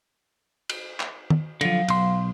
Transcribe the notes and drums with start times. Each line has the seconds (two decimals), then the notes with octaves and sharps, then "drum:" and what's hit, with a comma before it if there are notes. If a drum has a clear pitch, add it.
0.69 drum: cymbal
1.00 drum: clap
1.30 drum: tom D#3
1.61 D3 F3 F#3 F5, drum: cymbal
1.88 B1 C6, drum: cymbal